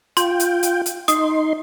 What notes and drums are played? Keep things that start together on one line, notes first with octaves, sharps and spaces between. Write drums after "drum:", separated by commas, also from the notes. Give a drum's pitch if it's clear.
F4 G5 C6, drum: hi-hat
drum: hi-hat
drum: hi-hat
drum: hi-hat
D#4 C6 D#6, drum: hi-hat